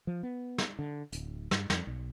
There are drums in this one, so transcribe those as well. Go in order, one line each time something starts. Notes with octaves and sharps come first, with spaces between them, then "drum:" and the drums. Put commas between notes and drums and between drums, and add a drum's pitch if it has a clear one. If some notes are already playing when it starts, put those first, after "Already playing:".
F3
B3
drum: snare
D3
D1, drum: hi-hat
G2, drum: snare
F2, drum: snare
B1